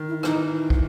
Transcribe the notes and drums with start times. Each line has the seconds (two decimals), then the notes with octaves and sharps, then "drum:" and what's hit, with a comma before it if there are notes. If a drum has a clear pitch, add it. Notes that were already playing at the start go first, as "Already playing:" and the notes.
Already playing: D#3
0.09 E4
0.23 E3 D#4, drum: rim click
0.70 drum: kick